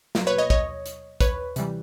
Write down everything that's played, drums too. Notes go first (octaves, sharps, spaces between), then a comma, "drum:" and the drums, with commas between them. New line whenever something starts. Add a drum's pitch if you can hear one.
B2 F#3 A#3, drum: snare
B4 C#5
C#5 D#5
C#5 D#5, drum: kick
drum: hi-hat
B4 C#5, drum: kick, hi-hat
C3 E3 G3, drum: hi-hat